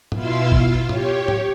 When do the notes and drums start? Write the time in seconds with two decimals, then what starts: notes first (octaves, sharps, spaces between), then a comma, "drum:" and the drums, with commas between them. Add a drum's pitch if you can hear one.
0.12 B2 E4 F4 F5 C6 E6, drum: tom
0.52 F4, drum: kick G#1
0.89 G4 C#5, drum: tom
1.28 drum: tom